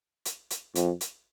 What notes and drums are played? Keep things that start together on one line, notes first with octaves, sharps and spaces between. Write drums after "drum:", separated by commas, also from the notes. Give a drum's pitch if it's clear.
drum: hi-hat
drum: hi-hat
F2, drum: hi-hat
drum: hi-hat